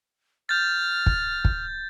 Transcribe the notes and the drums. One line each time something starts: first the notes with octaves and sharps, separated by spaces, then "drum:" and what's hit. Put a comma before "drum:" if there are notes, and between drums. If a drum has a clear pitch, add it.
F6 G6 A6
drum: kick
drum: kick